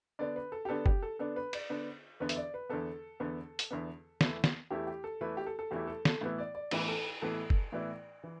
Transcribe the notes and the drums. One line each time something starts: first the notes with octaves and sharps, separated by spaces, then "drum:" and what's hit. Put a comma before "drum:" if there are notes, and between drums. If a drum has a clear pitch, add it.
D3 B3 D4 D5
B4
A4
G4
D3 B3 D4 A4
G4, drum: kick
A4
D3 B3 D4 A4
B4
D5, drum: cymbal
D3 B3 D4
E2 D3 B3 B4
E5, drum: hi-hat
D5
B4
E2 D3 B3 A4
E2 D3 B3
drum: hi-hat
E2 D3 B3
E2 E3 A3 E4, drum: snare
drum: snare
E2 E3 A3 E4 G4
G4
A4
E2 E3 A3 E4 B4
G4
A4
A4
E2 E3 A3 E4 G4
A4
A4, drum: snare
A2 E3 B3 E4
D5
D5
A2 E3 B3 E4 B4, drum: cymbal
A4
A2 E3 B3 E4 A4
drum: kick
A2 E3 B3 E4 D5
E3